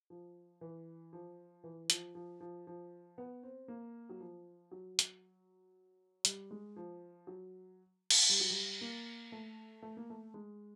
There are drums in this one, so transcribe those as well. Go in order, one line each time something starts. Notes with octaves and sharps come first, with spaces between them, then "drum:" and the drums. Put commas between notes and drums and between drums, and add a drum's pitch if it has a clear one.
F3
E3
F3
E3
F3, drum: hi-hat
F3
F3
F3
B3
C4
A#3
F#3
F3
F#3
drum: hi-hat
G3, drum: hi-hat
G#3
F3
F#3
drum: cymbal
G3
F#3
G3
A#3
A3
A3
A#3
A3
G#3